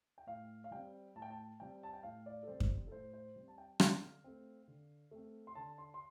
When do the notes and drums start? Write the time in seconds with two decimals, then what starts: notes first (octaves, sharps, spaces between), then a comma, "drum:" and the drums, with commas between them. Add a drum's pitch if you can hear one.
0.18 G5
0.27 A2 F5
0.64 F5
0.71 G3 C4 G5
1.15 A2 A5
1.22 G5
1.30 A5
1.60 G3 C4 G5
1.83 A5
1.93 G5
2.03 A2 F5
2.26 D5
2.43 A4
2.47 G3 C4 C5
2.60 drum: kick F#2
2.87 A4
2.92 A2 C5
3.13 C5
3.36 G3 C4
3.48 A5
3.58 G5
3.80 D3 F5, drum: rim click
4.24 A3 C4
4.68 D3
5.11 A3 C4
5.47 C6
5.55 D3 A5
5.78 C6
5.94 C6